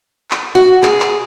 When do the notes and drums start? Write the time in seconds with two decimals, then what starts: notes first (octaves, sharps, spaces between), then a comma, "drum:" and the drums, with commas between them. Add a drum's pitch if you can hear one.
0.31 drum: clap
0.55 F#4
0.83 G#4, drum: clap
1.00 drum: clap